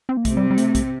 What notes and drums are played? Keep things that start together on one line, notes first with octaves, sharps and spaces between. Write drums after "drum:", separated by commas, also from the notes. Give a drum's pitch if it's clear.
C4
A#3
C3 A3, drum: kick, hi-hat
G3
G3
A3, drum: hi-hat
drum: kick, hi-hat